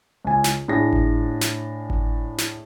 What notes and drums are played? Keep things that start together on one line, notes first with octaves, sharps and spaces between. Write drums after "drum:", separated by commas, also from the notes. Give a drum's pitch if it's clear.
C#2 G#5
drum: snare
A2 D4 G#4 A#6
drum: kick G#1
drum: snare
drum: kick G#1
drum: snare